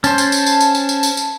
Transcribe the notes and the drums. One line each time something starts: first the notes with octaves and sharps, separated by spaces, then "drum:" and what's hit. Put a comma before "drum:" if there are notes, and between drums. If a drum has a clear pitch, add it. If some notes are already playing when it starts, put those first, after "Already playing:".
C#4 C5 A5, drum: tambourine
drum: tambourine
drum: tambourine
drum: tambourine
drum: tambourine
drum: tambourine
drum: tambourine
drum: tambourine
drum: tambourine